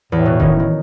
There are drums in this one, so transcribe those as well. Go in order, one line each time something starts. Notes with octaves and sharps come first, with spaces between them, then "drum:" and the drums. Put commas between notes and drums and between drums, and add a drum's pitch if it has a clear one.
E2 A2
B2
D#3 C#4 D#4, drum: kick E1
D#3